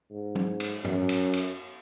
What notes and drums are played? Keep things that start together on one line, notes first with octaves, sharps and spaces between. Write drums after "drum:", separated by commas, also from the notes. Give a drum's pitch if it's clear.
G#2
drum: tom
drum: cymbal
F#2, drum: tom
drum: cymbal
drum: cymbal